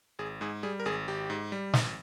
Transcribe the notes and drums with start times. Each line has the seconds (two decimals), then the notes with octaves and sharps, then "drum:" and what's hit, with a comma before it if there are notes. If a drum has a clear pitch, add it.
0.19 G#1 G#4
0.41 G#2 G#4
0.63 G3 G#4
0.80 A#4
0.86 G#1 G#4
1.08 G#1 G4
1.30 G#2
1.52 G3
1.74 G#1, drum: snare